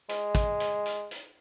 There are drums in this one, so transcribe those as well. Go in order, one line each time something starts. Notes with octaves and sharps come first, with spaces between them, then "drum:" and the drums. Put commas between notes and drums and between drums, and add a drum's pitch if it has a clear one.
G#3, drum: hi-hat
drum: kick, hi-hat
drum: hi-hat
drum: hi-hat
drum: hi-hat